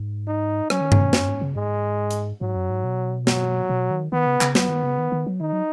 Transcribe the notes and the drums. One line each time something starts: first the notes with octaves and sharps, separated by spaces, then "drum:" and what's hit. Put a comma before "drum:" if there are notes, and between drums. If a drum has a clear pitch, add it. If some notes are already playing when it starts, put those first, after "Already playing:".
Already playing: G#2
D#4
F#3 C#4, drum: rim click
D#3
C#3, drum: tom G2
B2
F#2, drum: snare
G#2
C#3
G#2 G#3
drum: hi-hat
G#2 F#3
F#2
G#2
B2
F#3, drum: snare
B2
D#3
D#3 B3
C#3
C#3, drum: clap
F#3 B3, drum: snare
D#3
C#3
D#3
D#3
F#3
D#3 D#4
F#3